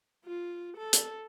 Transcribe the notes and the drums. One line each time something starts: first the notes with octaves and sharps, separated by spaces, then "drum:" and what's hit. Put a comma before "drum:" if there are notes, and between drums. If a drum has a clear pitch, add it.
F4
A4
drum: hi-hat